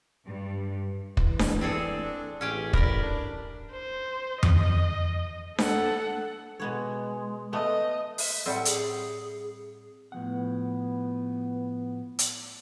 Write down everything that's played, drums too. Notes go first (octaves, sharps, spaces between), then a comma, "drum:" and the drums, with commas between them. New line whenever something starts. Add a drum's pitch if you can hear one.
G2
E3, drum: kick
drum: snare D4
C4 G#4 A4 D5
D4
A1 C#4 G4 G#4 G5
A#4 D5 B5, drum: kick
D4
C5
D#5, drum: tom F2
A4 F#5, drum: snare D4
B2 G#3 B3 C#5
A3 B3 D#5
E5, drum: open hi-hat
A2 G3 C4 F#5
G#4, drum: hi-hat
A2 F3 B3 F#5
drum: hi-hat